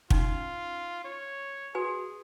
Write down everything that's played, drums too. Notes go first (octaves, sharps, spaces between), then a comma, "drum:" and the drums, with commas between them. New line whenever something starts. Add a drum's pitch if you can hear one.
C#4 D#4 F4, drum: kick
C#5
F#4 G#4 B4 G#5